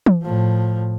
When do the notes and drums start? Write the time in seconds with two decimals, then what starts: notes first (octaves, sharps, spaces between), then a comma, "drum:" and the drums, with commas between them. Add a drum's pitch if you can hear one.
0.06 drum: tom E3
0.23 A2 F3